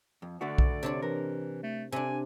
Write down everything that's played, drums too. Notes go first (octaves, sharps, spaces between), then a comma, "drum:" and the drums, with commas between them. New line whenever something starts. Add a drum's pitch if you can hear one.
F2
D3 A3 F#4 D5
drum: kick B1
C3 D4 C#5
E3 A#4
A3
C3 D4 G#5